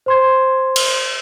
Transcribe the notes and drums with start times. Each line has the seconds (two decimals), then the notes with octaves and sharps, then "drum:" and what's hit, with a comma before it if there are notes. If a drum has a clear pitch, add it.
0.06 C5 C6 G#6
0.76 drum: cymbal